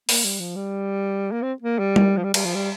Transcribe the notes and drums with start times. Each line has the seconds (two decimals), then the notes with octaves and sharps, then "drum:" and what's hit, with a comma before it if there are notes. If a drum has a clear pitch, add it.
0.09 A#3, drum: open hi-hat
0.25 G3
0.39 F3
0.55 G3
1.32 A#3
1.42 C4
1.62 A#3
1.78 G3
1.96 drum: tom G3
2.17 F3
2.24 G3
2.34 G3, drum: cymbal
2.44 F3
2.55 G3